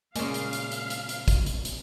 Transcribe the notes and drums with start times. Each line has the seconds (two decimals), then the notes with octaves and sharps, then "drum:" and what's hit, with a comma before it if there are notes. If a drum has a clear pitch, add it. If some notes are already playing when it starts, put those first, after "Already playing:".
0.16 A#2 C#3 G#3 A#3 F5, drum: hi-hat
0.34 drum: hi-hat
0.53 drum: hi-hat
0.72 drum: hi-hat
0.90 drum: hi-hat
1.09 drum: hi-hat
1.28 drum: kick, hi-hat
1.46 drum: hi-hat
1.65 drum: hi-hat